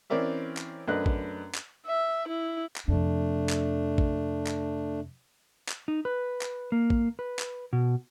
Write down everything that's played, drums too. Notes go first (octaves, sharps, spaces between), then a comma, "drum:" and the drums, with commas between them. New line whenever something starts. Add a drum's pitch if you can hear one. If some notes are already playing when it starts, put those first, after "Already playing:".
E3 C4 C#4 A#4 D5 E5
drum: clap
F#2 A3 D4 B4 D#5 F#6
drum: kick A1
drum: clap
E5
E4
drum: clap
F2 C3 A3 D4
drum: clap
drum: kick A1
drum: clap
drum: clap
D#4
B4
drum: clap
A#3
drum: kick A1
B4
drum: clap
B2